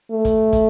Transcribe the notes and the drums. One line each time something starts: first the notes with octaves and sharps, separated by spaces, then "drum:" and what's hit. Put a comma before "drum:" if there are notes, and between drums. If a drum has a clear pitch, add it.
A3
drum: kick, hi-hat
drum: kick, hi-hat